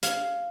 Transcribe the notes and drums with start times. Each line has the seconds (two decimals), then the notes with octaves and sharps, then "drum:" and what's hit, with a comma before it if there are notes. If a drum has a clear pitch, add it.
0.03 F5, drum: hi-hat